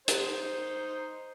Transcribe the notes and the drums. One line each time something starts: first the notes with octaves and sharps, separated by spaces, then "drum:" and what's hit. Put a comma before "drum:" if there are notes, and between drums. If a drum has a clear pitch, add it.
D#4 C5, drum: hi-hat